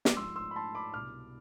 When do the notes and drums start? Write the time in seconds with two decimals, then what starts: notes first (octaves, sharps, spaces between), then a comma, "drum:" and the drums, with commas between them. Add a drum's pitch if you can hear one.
0.05 D6, drum: snare
0.16 G#2 F3 C6 E6
0.36 C6 E6
0.51 B5
0.56 A5 C6
0.75 B5 D6
0.94 C2 B2 D6 F6